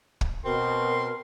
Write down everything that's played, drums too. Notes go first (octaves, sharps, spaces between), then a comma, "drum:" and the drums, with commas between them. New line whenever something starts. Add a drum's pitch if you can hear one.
drum: kick
B2 C4 A#4 C6